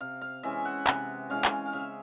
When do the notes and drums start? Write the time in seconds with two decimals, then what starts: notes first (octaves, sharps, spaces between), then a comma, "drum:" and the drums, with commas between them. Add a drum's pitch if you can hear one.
0.01 C3 F5
0.21 F5
0.43 E3 G#3 C#4 E5
0.65 F#5
0.87 C3, drum: clap
1.30 E3 G#3 C#4 F5
1.45 drum: clap
1.66 F5
1.73 C#3 E5